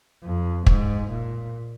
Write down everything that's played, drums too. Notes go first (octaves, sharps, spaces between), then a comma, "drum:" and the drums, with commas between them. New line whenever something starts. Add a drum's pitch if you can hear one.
F2
G#2, drum: kick
A#2